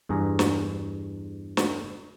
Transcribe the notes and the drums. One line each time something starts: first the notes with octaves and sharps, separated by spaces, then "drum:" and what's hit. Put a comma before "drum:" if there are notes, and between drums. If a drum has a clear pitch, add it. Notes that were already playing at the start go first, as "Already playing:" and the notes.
E2 G2 G#4 A#5
drum: snare
drum: snare